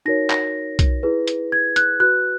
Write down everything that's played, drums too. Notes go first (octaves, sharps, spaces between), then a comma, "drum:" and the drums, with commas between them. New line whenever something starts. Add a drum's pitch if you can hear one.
D#4 F#4 A#4 C#5 A#6
A#6, drum: clap
drum: kick B1, hi-hat
E4 G#4 B4
drum: hi-hat
G#6
F#6, drum: hi-hat
F#4 B4 F#6